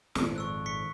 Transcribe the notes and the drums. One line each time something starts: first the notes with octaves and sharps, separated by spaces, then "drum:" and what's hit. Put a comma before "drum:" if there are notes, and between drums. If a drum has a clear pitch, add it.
G#1 F2 A#2, drum: snare
C#6 E6 F#6
C#6 B6 C#7